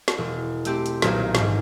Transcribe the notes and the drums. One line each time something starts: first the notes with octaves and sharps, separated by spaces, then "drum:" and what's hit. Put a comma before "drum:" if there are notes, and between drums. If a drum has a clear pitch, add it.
drum: snare
E1
A3 C4 G4, drum: hi-hat
drum: hi-hat
B1 A#2 A#3 D#4 C5 G#6, drum: snare
A1 G#2, drum: snare